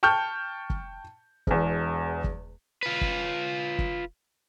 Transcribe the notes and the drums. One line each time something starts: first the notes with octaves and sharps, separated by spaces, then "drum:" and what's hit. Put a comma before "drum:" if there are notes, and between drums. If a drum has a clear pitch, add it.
G5 A5 C#6 F6 G6
drum: kick
E1 E2, drum: kick
drum: kick
F4 B4
drum: kick
drum: kick